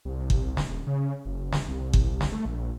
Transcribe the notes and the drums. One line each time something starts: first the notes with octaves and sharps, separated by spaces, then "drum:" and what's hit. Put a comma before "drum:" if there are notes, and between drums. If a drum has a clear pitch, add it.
C2
drum: kick G1
drum: snare
D#1
C#3
F#1
drum: snare
C2
drum: kick G1
drum: snare
A3
A#1